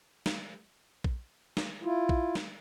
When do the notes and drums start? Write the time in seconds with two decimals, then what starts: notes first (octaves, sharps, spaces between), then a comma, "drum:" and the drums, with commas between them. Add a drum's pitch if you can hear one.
0.26 drum: snare
1.04 drum: kick A#1
1.57 drum: snare
1.83 E4 F4
2.09 drum: kick A#1
2.35 drum: snare